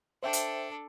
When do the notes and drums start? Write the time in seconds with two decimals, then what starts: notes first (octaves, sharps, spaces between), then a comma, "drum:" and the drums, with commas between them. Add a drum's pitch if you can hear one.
0.23 D4 A4 C5 E5 G5
0.33 drum: hi-hat